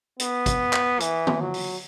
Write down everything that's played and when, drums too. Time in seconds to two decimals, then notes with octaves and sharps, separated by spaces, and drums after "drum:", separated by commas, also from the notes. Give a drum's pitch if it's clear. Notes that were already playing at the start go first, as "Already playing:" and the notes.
0.20 B3, drum: hi-hat
0.46 drum: kick G#1, hi-hat
0.73 drum: clap
1.00 E3, drum: hi-hat
1.27 drum: tom
1.40 F#3
1.54 drum: open hi-hat